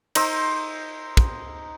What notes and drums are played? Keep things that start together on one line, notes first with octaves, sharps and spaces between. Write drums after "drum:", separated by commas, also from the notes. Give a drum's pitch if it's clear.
D#4 C5 E6, drum: cymbal
drum: kick